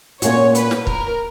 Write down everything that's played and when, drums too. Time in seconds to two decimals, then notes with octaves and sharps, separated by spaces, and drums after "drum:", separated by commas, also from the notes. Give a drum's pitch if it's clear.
0.22 A#2 A#3 C#4 F#4 C#5, drum: hi-hat
0.55 B4, drum: hi-hat
0.71 drum: snare
0.87 A#4, drum: kick